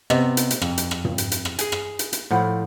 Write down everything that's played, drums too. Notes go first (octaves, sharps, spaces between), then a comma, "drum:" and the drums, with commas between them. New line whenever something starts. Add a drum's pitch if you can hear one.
C3 B3 D#5, drum: rim click
drum: hi-hat
drum: hi-hat
F2, drum: rim click
drum: hi-hat
drum: rim click
drum: tom
drum: hi-hat
drum: hi-hat
drum: rim click
G#4 G#5, drum: hi-hat
drum: rim click
drum: hi-hat
drum: hi-hat
A2 F3 A4 F#5 B5